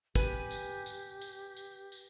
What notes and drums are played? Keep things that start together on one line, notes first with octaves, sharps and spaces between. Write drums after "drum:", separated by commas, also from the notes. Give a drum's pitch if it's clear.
G4 B4 G#5, drum: kick, tambourine
drum: tambourine
drum: tambourine
drum: tambourine
drum: tambourine
drum: tambourine